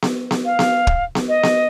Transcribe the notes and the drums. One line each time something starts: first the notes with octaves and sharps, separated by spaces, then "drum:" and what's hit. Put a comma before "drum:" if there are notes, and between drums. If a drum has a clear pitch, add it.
drum: snare B3
drum: snare B3
F5
drum: snare B3
drum: kick
drum: snare B3
D#5
drum: snare B3